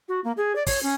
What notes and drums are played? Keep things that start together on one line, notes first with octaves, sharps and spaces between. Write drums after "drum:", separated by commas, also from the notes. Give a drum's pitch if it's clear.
F#4
A#3
G#4
D5
C#5, drum: kick, open hi-hat
C#4